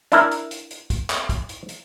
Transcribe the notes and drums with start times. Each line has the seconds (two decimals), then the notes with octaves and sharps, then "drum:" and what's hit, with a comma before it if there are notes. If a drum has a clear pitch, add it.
0.12 D4 E4 A#4, drum: hi-hat
0.31 drum: hi-hat
0.51 drum: hi-hat
0.71 drum: hi-hat
0.90 drum: kick, hi-hat
1.10 drum: clap
1.29 drum: kick, hi-hat
1.49 drum: hi-hat
1.69 drum: hi-hat